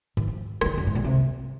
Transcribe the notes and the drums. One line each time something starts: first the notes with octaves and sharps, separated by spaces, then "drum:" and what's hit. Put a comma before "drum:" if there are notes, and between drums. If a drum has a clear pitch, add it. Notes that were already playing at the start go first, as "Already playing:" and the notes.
D#3, drum: tom G2
F3
F3, drum: rim click
D#3
F#2
G#2
A#2
C3